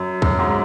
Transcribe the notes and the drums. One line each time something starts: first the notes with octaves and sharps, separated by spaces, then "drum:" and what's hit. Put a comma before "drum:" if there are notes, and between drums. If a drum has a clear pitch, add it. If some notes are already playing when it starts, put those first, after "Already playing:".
Already playing: F#2
F#2, drum: kick
G#2